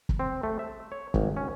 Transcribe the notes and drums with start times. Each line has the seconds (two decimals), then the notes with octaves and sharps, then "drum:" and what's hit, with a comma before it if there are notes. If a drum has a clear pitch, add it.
0.09 drum: kick
0.19 C4
0.43 A3
0.59 E5
0.92 C#5
1.14 G#1, drum: kick
1.37 C#4